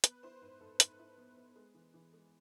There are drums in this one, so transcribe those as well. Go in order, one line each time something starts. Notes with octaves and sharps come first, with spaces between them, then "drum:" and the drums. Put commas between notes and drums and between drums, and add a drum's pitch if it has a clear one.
B3 B4, drum: hi-hat
E4 C5
G#2 B4
G#2 A4
G#2 B4, drum: hi-hat
E4
B3
B3
G#3
E3
E3
G#3